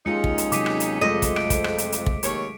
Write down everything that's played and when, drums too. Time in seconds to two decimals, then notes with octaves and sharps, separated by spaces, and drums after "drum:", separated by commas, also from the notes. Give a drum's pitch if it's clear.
0.06 D#2 G#3 C#4 D#4 F4 C#7
0.24 drum: kick
0.38 drum: hi-hat
0.52 C3 F#3 D6 B6 D#7, drum: hi-hat
0.66 drum: rim click
0.80 drum: hi-hat
1.01 F2 G#3 A3 D#5
1.22 drum: kick, hi-hat
1.36 D7, drum: rim click
1.50 drum: kick, hi-hat
1.64 drum: rim click
1.78 drum: hi-hat
1.92 drum: hi-hat
2.06 drum: kick
2.23 D#2 C#5, drum: hi-hat